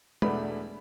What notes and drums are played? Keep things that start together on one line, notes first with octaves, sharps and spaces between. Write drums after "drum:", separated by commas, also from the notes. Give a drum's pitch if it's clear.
E2 B2 A3 D4 B5, drum: tom G#3